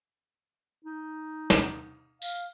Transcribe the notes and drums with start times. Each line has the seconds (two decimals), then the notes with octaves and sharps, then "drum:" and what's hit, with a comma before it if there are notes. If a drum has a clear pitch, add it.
0.85 D#4
1.50 drum: snare
2.22 F5, drum: tambourine